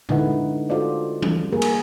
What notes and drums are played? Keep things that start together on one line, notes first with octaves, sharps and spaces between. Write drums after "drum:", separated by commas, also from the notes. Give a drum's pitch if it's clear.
D3 G#3 D#4 E4 B4 F#5, drum: tom A2
F4 F#4 A4 C5 D5 D#5
G3, drum: tom E3
A#3 G#4 A#4
drum: cymbal